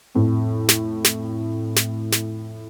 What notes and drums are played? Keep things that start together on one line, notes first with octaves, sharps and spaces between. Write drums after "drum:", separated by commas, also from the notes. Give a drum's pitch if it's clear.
F2 A2
drum: snare
drum: snare
drum: snare
drum: snare